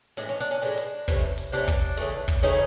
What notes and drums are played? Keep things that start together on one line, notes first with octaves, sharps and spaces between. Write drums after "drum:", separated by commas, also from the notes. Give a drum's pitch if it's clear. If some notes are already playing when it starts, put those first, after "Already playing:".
A2 E3 G#3 D4, drum: hi-hat
C#4
D4
C#4
A2 E3 G#3 D4
drum: hi-hat
C3 E3 A3 C#4, drum: kick, hi-hat
drum: hi-hat
C3 E3 A3 C#4 D4
drum: kick, hi-hat
C#3 E3 A3, drum: hi-hat
drum: kick, hi-hat
C#3 E3 A3 C#4 D#4